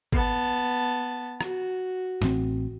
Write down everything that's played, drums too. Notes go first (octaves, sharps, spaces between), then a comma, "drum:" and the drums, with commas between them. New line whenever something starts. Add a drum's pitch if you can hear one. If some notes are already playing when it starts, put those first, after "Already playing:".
B3 A5, drum: kick
F#4, drum: rim click
A1 C4, drum: snare